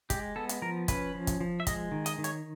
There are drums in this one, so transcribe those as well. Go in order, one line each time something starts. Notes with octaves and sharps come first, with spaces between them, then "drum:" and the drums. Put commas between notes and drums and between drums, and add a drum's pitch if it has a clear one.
G#3 G4, drum: kick, hi-hat
B3 A4
drum: hi-hat
F3 A#4
C#4 B4, drum: kick, hi-hat
F3
drum: kick, hi-hat
F3
E5
G#3 D#5, drum: kick, hi-hat
D#3
D#5, drum: hi-hat
D#3
C#5, drum: hi-hat